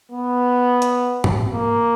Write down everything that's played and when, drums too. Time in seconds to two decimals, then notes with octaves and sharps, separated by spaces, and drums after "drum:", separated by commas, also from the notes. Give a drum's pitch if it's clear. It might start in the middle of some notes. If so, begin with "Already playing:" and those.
0.12 B3
0.82 drum: hi-hat
1.24 drum: tom G#2
1.53 A#3